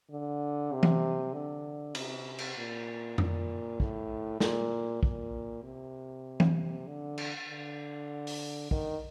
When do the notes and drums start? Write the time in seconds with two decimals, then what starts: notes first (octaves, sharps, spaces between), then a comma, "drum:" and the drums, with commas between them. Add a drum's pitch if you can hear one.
0.11 D3
0.72 C3
0.83 drum: tom E3
1.33 D3
1.95 C3, drum: cymbal
2.39 drum: cymbal
2.57 A#2
3.18 A#2, drum: tom F2
3.80 A2, drum: kick
4.40 A#2, drum: snare
5.03 A#2, drum: kick
5.63 C3
6.40 drum: tom E3
6.87 D3
7.18 drum: cymbal
7.48 D3
8.27 drum: open hi-hat
8.71 D#3, drum: kick